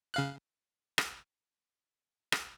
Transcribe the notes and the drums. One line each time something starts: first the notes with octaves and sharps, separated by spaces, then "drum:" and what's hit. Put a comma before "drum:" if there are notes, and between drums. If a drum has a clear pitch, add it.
C#3 F5 F#6
drum: rim click
drum: rim click